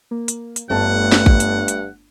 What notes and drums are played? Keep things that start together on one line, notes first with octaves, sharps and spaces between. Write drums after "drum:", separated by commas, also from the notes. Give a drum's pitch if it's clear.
A#3
drum: hi-hat
drum: hi-hat
G1 G2 A3 F#5 A5
drum: snare
drum: kick A1
drum: hi-hat
drum: hi-hat